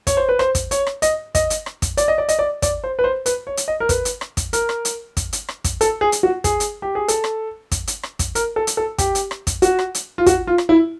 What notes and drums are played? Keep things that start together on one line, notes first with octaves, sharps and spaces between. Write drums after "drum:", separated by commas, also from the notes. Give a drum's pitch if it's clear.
C#5, drum: kick, hi-hat
C5
B4
C5, drum: rim click
drum: kick, hi-hat
C#5, drum: hi-hat
drum: rim click
D#5, drum: hi-hat
D#5, drum: kick, hi-hat
drum: hi-hat
drum: rim click
drum: kick, hi-hat
D5, drum: hi-hat
D#5
D5
D#5, drum: hi-hat
D5
D5, drum: kick, hi-hat
C5
B4
C5
B4, drum: hi-hat
C#5
drum: hi-hat
D#5
A#4
B4, drum: kick, hi-hat
drum: hi-hat
drum: rim click
drum: kick, hi-hat
A#4, drum: hi-hat
drum: rim click
drum: hi-hat
drum: kick, hi-hat
drum: hi-hat
drum: rim click
drum: kick, hi-hat
A4, drum: hi-hat
G#4
drum: hi-hat
F#4
G#4, drum: kick, hi-hat
drum: hi-hat
G4
G#4
A4, drum: hi-hat
drum: rim click
drum: kick, hi-hat
drum: hi-hat
drum: rim click
drum: kick, hi-hat
A#4, drum: hi-hat
A4
drum: hi-hat
A4
G4, drum: kick, hi-hat
drum: hi-hat
drum: rim click
drum: kick, hi-hat
F#4, drum: hi-hat
drum: rim click
drum: hi-hat
F4
F#4, drum: kick, hi-hat
F4
drum: rim click
E4